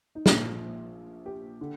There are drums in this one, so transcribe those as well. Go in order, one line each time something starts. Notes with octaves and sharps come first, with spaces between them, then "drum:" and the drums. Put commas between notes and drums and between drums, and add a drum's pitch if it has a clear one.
D#4
A#1 A#2 F3 F4, drum: snare
G4
D3